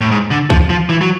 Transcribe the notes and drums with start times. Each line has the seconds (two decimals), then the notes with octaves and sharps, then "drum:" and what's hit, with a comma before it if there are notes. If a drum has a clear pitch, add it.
0.01 A2
0.11 G#2
0.31 D3
0.50 F3, drum: kick C2
0.70 F3
0.89 E3
1.01 F#3